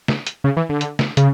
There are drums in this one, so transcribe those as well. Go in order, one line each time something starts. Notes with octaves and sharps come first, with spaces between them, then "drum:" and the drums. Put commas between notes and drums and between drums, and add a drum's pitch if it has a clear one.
drum: snare
drum: hi-hat
C#3
E3
D3
drum: hi-hat
drum: snare
C#3, drum: hi-hat